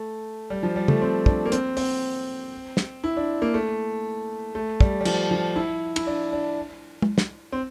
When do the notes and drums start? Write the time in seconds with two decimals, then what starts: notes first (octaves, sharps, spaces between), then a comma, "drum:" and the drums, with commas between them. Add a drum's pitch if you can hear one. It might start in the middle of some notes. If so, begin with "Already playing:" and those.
Already playing: A3
0.50 G3
0.63 F3
0.76 G3
0.88 A3, drum: tom C#3
1.02 C4
1.26 D4, drum: kick
1.46 A#3
1.52 C4, drum: hi-hat
1.77 C4, drum: open hi-hat
2.77 drum: snare
3.04 E4
3.17 D4
3.42 A#3
3.54 A3
4.55 A3
4.80 G3, drum: kick
5.01 G3
5.05 F3, drum: cymbal
5.31 F3
5.56 E4
5.96 E4, drum: cymbal
6.07 D4
6.32 D4
7.02 drum: tom G#3
7.18 drum: snare
7.52 C4